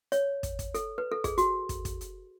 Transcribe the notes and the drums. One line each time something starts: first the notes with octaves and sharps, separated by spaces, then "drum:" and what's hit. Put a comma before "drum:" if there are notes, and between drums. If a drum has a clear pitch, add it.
C#5, drum: hi-hat
drum: kick, hi-hat
drum: kick, hi-hat
A4, drum: hi-hat
B4
A4
G#4, drum: kick, hi-hat
F#4, drum: hi-hat
drum: kick, hi-hat
drum: kick, hi-hat
drum: hi-hat